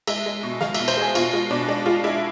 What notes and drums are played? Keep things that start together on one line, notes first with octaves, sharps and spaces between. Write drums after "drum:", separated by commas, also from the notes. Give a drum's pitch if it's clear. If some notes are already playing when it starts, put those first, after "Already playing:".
G#3 E5, drum: cymbal
G#3
B2
G#3 F5, drum: snare
B2 E5, drum: cymbal
C5, drum: cymbal
G#3 G#4
B2 F4, drum: cymbal
G#3 F4
B2 D4
G#3 D4
G#3 F4
G#3 E4